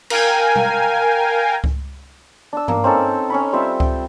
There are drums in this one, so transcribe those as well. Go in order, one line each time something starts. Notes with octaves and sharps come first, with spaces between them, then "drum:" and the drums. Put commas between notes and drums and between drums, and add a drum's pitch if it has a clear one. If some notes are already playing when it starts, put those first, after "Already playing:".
A#4 F5 G5 G#5, drum: cymbal
drum: tom
drum: kick C#2
D4 E6
A#3, drum: tom G2
C4 C#4 D#4 A4
C#4 C#5 B5
G3 C4 F4 E5
G5, drum: kick C#2